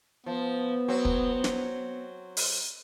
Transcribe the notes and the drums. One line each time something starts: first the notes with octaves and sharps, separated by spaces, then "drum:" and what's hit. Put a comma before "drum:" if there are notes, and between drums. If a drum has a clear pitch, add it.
F3 B3
F#3 C4
drum: kick
drum: snare
drum: open hi-hat